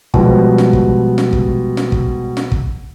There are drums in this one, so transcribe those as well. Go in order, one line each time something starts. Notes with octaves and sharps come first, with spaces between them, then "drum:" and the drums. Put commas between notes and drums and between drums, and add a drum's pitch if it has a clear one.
B2 F3 G3 G#3, drum: kick
drum: snare
drum: kick
drum: snare
drum: kick
drum: snare
drum: kick
drum: snare
drum: kick